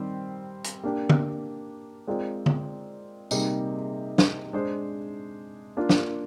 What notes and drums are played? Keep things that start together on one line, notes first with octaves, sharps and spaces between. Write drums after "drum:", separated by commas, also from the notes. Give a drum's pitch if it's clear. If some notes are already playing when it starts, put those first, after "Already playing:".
Already playing: D#3 G3 C4 G4
drum: hi-hat
A#3 D4 G4
drum: tom
G#3 C4 F4 A#4 D5
drum: tom
C3 G3 A#3 D#4 G#4, drum: tambourine
drum: snare
G#3 D4 G#4 C5
A#3 D4 F4
drum: snare